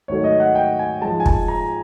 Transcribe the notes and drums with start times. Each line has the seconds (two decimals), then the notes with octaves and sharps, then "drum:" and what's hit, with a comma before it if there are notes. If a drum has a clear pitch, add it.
0.08 G#2 D#3 F#3 A3 C#5
0.24 D#5
0.40 F#5
0.55 G5
0.79 G#5
1.02 G#2 F3 G#3 A5
1.20 G#5
1.26 A5, drum: kick
1.48 A#5